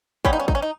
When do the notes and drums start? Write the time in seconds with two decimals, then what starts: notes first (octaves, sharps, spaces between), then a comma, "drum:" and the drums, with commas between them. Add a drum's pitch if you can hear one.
0.25 C#3 G3 B3 C#4, drum: kick
0.33 D#4
0.40 C#4
0.48 D#4, drum: kick
0.55 C#4
0.62 D#4